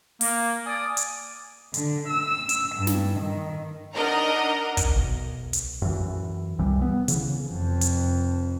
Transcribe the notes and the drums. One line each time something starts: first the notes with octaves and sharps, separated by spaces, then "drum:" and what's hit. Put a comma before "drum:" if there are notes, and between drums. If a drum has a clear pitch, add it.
A#3, drum: open hi-hat
D5 G#5 A5 D6 D#6
drum: hi-hat
D3, drum: hi-hat
E6
drum: hi-hat
G2
drum: snare
D#3
D4 D#4 A#4 D#5 F#5 A#5
drum: kick, hi-hat
B1
drum: hi-hat
F#2 E3
C2 E3 G3
B3
C#3 E3, drum: hi-hat
F1 F2
drum: hi-hat